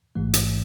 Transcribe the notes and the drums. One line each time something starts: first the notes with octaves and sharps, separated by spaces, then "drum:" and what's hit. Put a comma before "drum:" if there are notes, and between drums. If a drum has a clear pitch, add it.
A1 G#2 E3 A3
drum: hi-hat